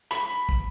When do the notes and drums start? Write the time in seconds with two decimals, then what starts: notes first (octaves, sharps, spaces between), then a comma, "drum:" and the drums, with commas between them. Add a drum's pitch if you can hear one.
0.11 B5, drum: hi-hat
0.49 drum: kick